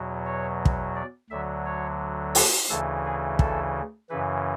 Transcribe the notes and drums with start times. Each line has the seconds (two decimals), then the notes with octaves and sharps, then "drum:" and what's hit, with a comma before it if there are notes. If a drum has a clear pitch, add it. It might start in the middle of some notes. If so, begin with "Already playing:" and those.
Already playing: E2 B2 F#3
0.26 C#5
0.65 drum: kick
0.96 D5
1.30 D2 D3 F#3 E5
1.66 C#5
2.35 B4, drum: open hi-hat
2.69 D2 C#3 E3 A4
3.05 G#4
3.39 A4, drum: kick
4.10 F#2 C#3 E3 B4